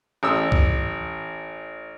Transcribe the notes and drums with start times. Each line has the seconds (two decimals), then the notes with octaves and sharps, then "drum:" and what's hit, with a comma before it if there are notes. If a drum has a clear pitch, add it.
0.23 A1 D#6 E6
0.52 drum: kick